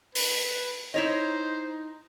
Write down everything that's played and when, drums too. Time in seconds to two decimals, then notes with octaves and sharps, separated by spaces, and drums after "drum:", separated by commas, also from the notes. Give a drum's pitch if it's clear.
0.15 B4, drum: open hi-hat
0.94 D#4 E4 C5 C#5 D#5